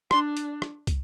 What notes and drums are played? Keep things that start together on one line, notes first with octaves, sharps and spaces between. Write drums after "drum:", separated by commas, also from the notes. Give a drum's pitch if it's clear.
D4 C6, drum: rim click
drum: hi-hat
drum: rim click
drum: kick, hi-hat